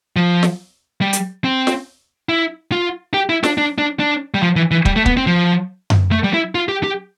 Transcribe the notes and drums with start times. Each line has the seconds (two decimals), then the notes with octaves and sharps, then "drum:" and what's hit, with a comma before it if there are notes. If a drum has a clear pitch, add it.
0.16 F3
0.43 drum: snare
1.02 G3
1.13 drum: hi-hat
1.44 C4
1.67 drum: snare
2.29 E4
2.72 F4
3.14 G4
3.29 E4
3.43 D4, drum: snare
3.58 D4
3.78 D4
3.99 D4
4.34 G3
4.43 F3
4.56 E3
4.71 E3
4.85 G3, drum: kick
4.96 A3
5.06 B3, drum: kick
5.17 C4
5.27 F3
5.90 drum: tom F#2
6.12 A3
6.24 G3
6.34 E4
6.55 F4
6.69 G4
6.84 G4